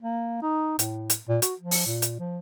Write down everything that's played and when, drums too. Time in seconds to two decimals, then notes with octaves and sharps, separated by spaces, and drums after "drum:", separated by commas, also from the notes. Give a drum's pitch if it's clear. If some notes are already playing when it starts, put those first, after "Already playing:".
0.02 A#3
0.42 D#4
0.79 A2, drum: hi-hat
1.10 drum: hi-hat
1.29 A#2
1.42 F#4, drum: hi-hat
1.60 F3
1.71 drum: open hi-hat
1.86 A#2
2.02 drum: hi-hat
2.19 F3